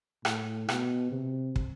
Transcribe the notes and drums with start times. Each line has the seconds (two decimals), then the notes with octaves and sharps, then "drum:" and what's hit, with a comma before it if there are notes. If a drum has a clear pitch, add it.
0.25 A2, drum: rim click
0.69 B2, drum: rim click
1.12 C3
1.56 drum: kick